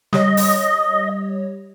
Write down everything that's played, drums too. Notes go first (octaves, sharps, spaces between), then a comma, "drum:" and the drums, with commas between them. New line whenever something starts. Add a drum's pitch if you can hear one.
G3 G4 C#5 D#5, drum: snare
drum: open hi-hat